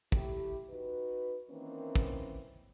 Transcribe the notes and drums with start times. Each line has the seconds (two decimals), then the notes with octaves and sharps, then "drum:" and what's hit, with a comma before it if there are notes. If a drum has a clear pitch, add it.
0.12 A3 E4 G4, drum: kick
0.70 D#4 F#4 B4
1.49 D#3 E3 A#3 C4 C#4
1.96 drum: kick